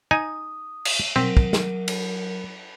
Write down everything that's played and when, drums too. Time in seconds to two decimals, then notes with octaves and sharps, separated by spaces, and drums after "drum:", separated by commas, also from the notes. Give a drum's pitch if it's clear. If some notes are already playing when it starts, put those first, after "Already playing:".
0.11 D#4 G#5 D#6
0.85 drum: cymbal
1.16 F#3 C4 A#4, drum: tom B2
1.37 drum: kick
1.53 drum: snare
1.88 drum: cymbal